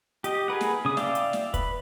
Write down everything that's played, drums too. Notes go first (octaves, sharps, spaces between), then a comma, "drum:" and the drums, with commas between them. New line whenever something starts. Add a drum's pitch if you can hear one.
G4 D#5, drum: hi-hat
G#4 A#4 B4 F#5
drum: snare
C#3 D#6
D5 E5 F5 G5 D6, drum: snare
drum: hi-hat
drum: snare
B4, drum: kick, hi-hat